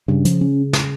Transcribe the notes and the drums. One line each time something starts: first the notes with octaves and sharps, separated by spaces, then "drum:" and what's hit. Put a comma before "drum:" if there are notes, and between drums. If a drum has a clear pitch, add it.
G2 C#3
F3, drum: hi-hat
C#4
drum: snare